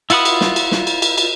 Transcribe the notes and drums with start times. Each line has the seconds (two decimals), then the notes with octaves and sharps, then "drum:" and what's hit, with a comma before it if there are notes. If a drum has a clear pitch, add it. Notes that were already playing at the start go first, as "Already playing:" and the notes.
0.10 E4 F4 F#5 B5 D#6, drum: cymbal
0.25 drum: cymbal
0.41 drum: snare
0.56 drum: cymbal
0.72 drum: snare
0.87 drum: cymbal
1.02 drum: cymbal
1.18 drum: cymbal